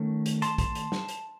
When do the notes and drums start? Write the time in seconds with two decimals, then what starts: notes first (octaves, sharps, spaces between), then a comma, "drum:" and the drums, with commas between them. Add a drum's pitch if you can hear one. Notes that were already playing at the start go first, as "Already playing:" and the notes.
Already playing: D#3 A3 C#4
0.26 drum: hi-hat
0.42 A5 C6, drum: hi-hat
0.58 A5 C6, drum: kick, hi-hat
0.75 drum: hi-hat
0.92 drum: snare
1.08 drum: hi-hat